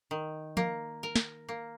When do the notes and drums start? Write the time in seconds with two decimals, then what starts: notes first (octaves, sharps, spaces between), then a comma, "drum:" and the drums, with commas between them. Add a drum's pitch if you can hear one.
0.11 D#3
0.57 A#3, drum: tom F3
1.03 A#4
1.15 drum: snare
1.49 A#3